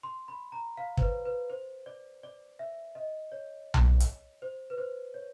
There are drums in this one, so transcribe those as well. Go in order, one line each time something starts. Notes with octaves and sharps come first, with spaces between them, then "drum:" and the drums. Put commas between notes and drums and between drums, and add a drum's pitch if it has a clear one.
C6
B5
A#5
F5
C5, drum: kick
B4
B4
C5
D5
D5
E5
D#5
C#5
drum: tom B1
drum: hi-hat
C5
B4
C5
C#5